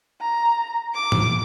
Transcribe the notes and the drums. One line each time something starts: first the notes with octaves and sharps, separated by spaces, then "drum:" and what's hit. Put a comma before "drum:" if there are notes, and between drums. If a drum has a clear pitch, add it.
A#5
D6
drum: tom A2